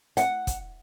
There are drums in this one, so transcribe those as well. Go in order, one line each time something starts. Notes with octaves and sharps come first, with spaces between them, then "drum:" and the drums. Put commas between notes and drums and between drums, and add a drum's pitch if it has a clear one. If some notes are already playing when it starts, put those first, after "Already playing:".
F#5, drum: hi-hat
drum: kick, hi-hat